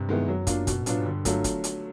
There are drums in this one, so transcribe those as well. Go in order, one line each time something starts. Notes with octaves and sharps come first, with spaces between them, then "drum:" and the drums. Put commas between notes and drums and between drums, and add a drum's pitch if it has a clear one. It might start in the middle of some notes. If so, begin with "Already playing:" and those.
Already playing: G2 C3
D#3 G#3 B3 E4
F#2 F#3
A#3 D4 F4, drum: kick, hi-hat
B2, drum: kick, hi-hat
A#2
A2 F#3 B3 D4 F4, drum: hi-hat
G#2
G2 D3
F#3 A3 D4 F4, drum: kick, hi-hat
drum: kick, hi-hat
drum: hi-hat